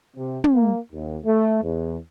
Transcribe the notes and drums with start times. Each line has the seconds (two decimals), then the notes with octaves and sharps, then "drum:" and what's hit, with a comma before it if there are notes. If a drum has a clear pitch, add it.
0.17 C3
0.44 drum: tom
0.54 A#3
0.91 D#2
1.25 A3
1.63 E2